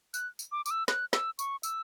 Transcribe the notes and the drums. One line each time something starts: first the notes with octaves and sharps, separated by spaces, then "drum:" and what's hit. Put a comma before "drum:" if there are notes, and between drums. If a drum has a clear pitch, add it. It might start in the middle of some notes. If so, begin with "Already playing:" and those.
F#6, drum: tambourine
drum: tambourine
D6
D6, drum: tambourine
E6
F#6, drum: snare
E6, drum: snare
C#6, drum: tambourine
E6, drum: tambourine